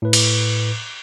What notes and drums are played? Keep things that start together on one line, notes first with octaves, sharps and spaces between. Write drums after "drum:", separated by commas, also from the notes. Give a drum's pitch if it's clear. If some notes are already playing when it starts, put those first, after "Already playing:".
A2 B4
drum: cymbal